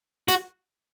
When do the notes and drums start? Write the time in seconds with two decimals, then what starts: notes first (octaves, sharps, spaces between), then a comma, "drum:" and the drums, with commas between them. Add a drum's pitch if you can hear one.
0.28 F#4, drum: hi-hat